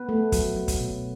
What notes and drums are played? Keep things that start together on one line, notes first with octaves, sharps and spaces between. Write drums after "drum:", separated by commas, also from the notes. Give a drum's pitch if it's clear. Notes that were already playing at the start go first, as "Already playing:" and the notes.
Already playing: B3 B4
A3
F#3, drum: kick, hi-hat
F#3
drum: kick, hi-hat
B2